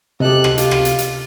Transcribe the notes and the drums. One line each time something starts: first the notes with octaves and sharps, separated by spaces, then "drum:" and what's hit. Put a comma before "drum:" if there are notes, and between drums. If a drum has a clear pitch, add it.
C3 G4 A4 D#5 F#6
drum: rim click
F4 G4, drum: hi-hat
drum: rim click
drum: hi-hat
drum: hi-hat